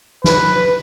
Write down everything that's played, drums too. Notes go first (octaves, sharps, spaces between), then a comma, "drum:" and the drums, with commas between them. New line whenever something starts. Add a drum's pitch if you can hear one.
B4, drum: snare